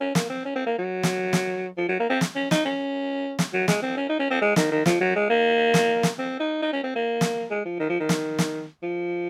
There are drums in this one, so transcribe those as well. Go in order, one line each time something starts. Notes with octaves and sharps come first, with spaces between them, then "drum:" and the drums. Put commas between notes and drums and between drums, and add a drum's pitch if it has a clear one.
C#4
A#3, drum: snare
C4
C#4
C4
A#3
F#3
drum: snare
drum: snare
F3
F#3
A#3
C4
drum: snare
C#4
D#4, drum: snare
C#4
drum: snare
F#3
G#3, drum: snare
C4
C#4
D#4
C#4
C4
G#3
D#3, drum: snare
D#3
F3, drum: snare
F#3
G#3
A#3
drum: snare
drum: snare
C4
D#4
D#4
C#4
C4
A#3
drum: snare
G#3
F3
D#3
F3
D#3
drum: snare
drum: snare
F3